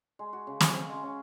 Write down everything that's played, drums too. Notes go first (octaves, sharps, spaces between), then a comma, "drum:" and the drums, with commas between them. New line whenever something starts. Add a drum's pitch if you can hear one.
G#3
F#4
C#3
C#4, drum: snare
C#3
G#3
C#4